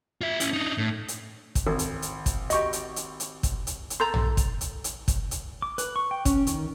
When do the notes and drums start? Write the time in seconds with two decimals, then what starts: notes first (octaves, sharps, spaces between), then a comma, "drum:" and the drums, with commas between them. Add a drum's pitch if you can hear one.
0.21 F4 E5
0.40 C#4 E4, drum: hi-hat
0.53 D4 D#4
0.78 A2
1.08 drum: hi-hat
1.55 drum: kick, hi-hat
1.67 G#1
1.79 drum: hi-hat
2.02 drum: hi-hat
2.26 drum: kick, hi-hat
2.50 F#4 G4 D#5 C#6, drum: hi-hat
2.73 drum: hi-hat
2.96 drum: hi-hat
3.20 drum: hi-hat
3.43 drum: kick, hi-hat
3.67 drum: hi-hat
3.90 drum: hi-hat
4.00 A4 A#5 C6 G6 A6
4.14 drum: tom A#1
4.37 drum: kick, hi-hat
4.61 drum: hi-hat
4.84 drum: hi-hat
5.08 drum: kick, hi-hat
5.31 drum: hi-hat
5.62 D6
5.78 B4, drum: hi-hat
5.96 C#6
6.11 G5
6.25 C#4, drum: kick, hi-hat
6.47 D#3, drum: hi-hat